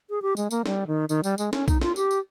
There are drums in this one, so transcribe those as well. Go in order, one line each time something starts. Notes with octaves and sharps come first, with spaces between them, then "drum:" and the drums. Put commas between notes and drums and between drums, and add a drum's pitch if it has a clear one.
G#4
G4
G#3, drum: tambourine
A#3, drum: tambourine
G3, drum: snare
D#3
D#3, drum: tambourine
G3, drum: tambourine
G#3, drum: tambourine
C#4, drum: snare
D#4, drum: kick B1, tambourine
F4, drum: snare
G4, drum: tambourine
drum: tambourine